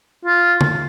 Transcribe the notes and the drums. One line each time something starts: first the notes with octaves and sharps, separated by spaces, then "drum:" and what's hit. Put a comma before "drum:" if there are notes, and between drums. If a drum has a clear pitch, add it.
F4
drum: tom C#3